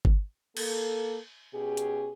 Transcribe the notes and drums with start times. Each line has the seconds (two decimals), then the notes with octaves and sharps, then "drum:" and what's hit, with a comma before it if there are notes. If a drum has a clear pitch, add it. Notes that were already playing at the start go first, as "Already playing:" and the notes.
0.05 drum: kick G1
0.57 A#3 A4, drum: cymbal
1.54 B2 C#4 G4 G#4
1.77 drum: hi-hat